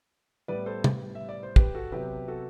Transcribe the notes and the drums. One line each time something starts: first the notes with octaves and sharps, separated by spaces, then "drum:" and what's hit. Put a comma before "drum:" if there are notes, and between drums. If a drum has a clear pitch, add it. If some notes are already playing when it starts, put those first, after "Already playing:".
A2 G3 B3 B4 D5
A4 C5
drum: tom
E5
D5
C5
G4 B4, drum: kick
F#4 A4
C3 F#3 B3 G4 B4
F#4 A4